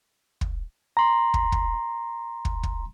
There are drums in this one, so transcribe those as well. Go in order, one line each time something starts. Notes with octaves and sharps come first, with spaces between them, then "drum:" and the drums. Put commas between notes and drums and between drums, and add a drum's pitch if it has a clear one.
drum: kick
A#5 C6
drum: kick
drum: kick
drum: kick
drum: kick